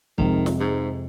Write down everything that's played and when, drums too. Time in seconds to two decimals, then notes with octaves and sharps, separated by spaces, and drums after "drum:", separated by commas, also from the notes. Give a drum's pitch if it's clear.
0.18 F2 C3 D#3 G#3, drum: kick
0.46 drum: snare
0.60 G#2